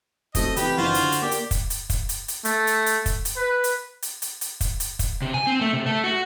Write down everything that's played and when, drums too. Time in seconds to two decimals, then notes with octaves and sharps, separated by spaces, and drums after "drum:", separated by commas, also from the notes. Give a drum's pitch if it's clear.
0.35 F#3 A3 C4 D#5, drum: kick, hi-hat
0.56 C3 E3 G4 B4, drum: hi-hat
0.78 F#1 E3 D#4 F4 F#4 C5
0.94 D3, drum: hi-hat
1.12 drum: hi-hat
1.22 A#3 G4 D5 D6
1.31 drum: hi-hat
1.51 drum: kick, hi-hat
1.70 drum: hi-hat
1.90 drum: kick, hi-hat
2.09 drum: hi-hat
2.28 drum: hi-hat
2.45 A3, drum: hi-hat
2.67 drum: hi-hat
2.86 drum: hi-hat
3.06 drum: kick, hi-hat
3.25 drum: hi-hat
3.37 B4
3.64 drum: hi-hat
4.02 drum: hi-hat
4.22 drum: hi-hat
4.41 drum: hi-hat
4.61 drum: kick, hi-hat
4.80 drum: hi-hat
4.99 drum: kick, hi-hat
5.22 C3
5.34 G#5
5.47 C4
5.61 A3
5.73 C3
5.86 A3
6.04 F#4